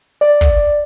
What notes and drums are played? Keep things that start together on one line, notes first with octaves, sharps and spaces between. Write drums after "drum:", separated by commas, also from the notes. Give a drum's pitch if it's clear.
D5
drum: kick, hi-hat